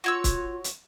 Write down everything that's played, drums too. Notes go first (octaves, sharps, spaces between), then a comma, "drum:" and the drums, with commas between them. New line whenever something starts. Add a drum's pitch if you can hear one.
F4 F#4 C#5 E6
drum: kick C#1, hi-hat
drum: hi-hat